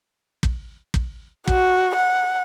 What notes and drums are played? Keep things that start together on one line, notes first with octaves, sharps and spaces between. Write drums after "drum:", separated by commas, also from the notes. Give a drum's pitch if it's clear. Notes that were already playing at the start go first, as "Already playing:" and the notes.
drum: kick
drum: kick
F#4, drum: kick
F#5